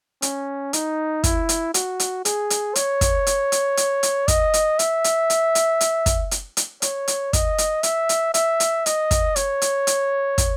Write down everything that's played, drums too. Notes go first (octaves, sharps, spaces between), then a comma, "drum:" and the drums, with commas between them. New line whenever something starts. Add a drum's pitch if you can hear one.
C#4, drum: hi-hat
D#4, drum: hi-hat
E4, drum: kick, hi-hat
drum: hi-hat
F#4, drum: hi-hat
drum: hi-hat
G#4, drum: hi-hat
drum: hi-hat
C#5, drum: hi-hat
drum: kick, hi-hat
drum: hi-hat
drum: hi-hat
drum: hi-hat
drum: hi-hat
D#5, drum: kick, hi-hat
drum: hi-hat
E5, drum: hi-hat
drum: hi-hat
drum: hi-hat
drum: hi-hat
drum: hi-hat
drum: kick, hi-hat
drum: hi-hat
drum: hi-hat
C#5, drum: hi-hat
drum: hi-hat
D#5, drum: kick, hi-hat
drum: hi-hat
E5, drum: hi-hat
drum: hi-hat
E5, drum: hi-hat
drum: hi-hat
D#5, drum: hi-hat
drum: kick, hi-hat
C#5, drum: hi-hat
drum: hi-hat
drum: hi-hat
drum: kick, hi-hat